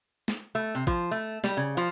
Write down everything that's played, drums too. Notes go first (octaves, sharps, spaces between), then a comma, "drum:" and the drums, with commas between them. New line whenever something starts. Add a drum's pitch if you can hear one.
drum: snare
A3
C3
F3, drum: kick
A3
G3, drum: snare
C#3
F3